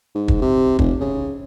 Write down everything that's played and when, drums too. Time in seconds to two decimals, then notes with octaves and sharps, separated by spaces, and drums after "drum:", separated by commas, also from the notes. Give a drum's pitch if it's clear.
0.15 G#2
0.28 drum: kick
0.42 C3
0.79 F1, drum: kick
1.01 C#3